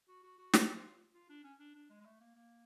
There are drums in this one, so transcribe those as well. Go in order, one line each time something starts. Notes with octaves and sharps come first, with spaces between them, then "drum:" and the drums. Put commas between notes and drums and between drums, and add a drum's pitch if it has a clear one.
F#4
F#4
F#4
F4, drum: snare
F4
D4
C#4
D4
D4
G#3
G#3
A3
A#3
A#3